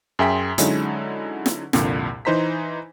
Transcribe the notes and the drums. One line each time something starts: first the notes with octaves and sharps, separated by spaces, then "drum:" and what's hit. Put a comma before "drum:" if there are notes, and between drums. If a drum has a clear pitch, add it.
F#2 G#4 E5 G5 C6 B6
D3 F#3 G#3 C#4 D#4 E4, drum: hi-hat
drum: snare
C2 F2 A#2 D3, drum: snare
E3 D#4 C5 A#5 B6